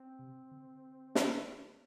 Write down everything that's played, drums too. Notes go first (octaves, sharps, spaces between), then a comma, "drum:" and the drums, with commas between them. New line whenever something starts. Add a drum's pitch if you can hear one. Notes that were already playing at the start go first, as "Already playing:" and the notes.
Already playing: C4
C3
D3
drum: snare